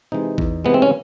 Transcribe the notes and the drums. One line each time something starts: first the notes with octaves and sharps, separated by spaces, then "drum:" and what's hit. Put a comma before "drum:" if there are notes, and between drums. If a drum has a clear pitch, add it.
C3 E3 G#3 D#4
E2, drum: kick G#1
C3 E3 G#3 B3
C4
C#4